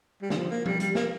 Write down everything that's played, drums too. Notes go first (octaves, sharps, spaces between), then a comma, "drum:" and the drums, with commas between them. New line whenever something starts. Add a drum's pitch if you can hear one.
G3
D3, drum: snare
F3
A#3
G3, drum: tom F3
G3, drum: hi-hat
A#3, drum: snare